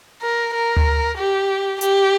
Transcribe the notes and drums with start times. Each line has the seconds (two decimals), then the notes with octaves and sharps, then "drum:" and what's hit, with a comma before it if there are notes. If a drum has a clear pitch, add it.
0.22 A#4
0.54 A#4
0.77 drum: tom D2
1.18 G4
1.81 G4, drum: hi-hat